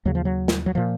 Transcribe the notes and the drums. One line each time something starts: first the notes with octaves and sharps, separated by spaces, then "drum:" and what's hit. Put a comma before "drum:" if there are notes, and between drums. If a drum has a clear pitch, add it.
D#2 C#3 F#3
F3
F#3
drum: snare
F#3
A#2 F3